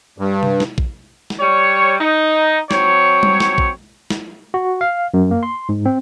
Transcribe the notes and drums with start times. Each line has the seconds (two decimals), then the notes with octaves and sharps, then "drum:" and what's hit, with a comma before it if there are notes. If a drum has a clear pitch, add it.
0.18 G2
0.43 drum: tom C3
0.60 drum: snare
0.78 drum: kick A#1
1.30 drum: snare
1.40 G3 C#5
2.00 D#4
2.71 F#3 C4 C#5, drum: snare
3.23 drum: tom G3
3.40 drum: snare
3.58 drum: kick A#1
4.10 drum: snare
4.54 F#4
4.81 F5
5.14 F#2
5.31 A#3
5.43 C6
5.69 G#2
5.86 C4